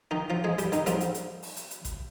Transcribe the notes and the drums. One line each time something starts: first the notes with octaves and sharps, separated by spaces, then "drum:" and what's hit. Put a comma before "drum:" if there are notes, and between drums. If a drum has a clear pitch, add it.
D#3 D#4
F3 F4
G#3 G#4
G3 G4, drum: hi-hat
D#3 D#4, drum: hi-hat
G#2 F3 G3 A#3 F4, drum: hi-hat
drum: hi-hat
drum: hi-hat
drum: open hi-hat
drum: hi-hat
drum: hi-hat
drum: kick A1, hi-hat